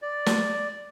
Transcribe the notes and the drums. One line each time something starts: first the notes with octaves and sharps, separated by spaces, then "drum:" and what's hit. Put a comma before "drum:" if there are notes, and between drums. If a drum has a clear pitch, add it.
D5
drum: snare